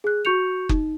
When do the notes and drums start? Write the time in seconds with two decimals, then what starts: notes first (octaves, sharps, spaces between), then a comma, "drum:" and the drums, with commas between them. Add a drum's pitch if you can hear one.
0.04 G#4 F#6
0.25 F#4 C#6 G6 C#7 F7
0.69 D#4, drum: kick F#1